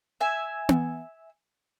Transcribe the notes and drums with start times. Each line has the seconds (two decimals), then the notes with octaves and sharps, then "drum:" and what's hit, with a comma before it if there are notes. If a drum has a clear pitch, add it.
0.20 E5 G#5
0.69 drum: tom B3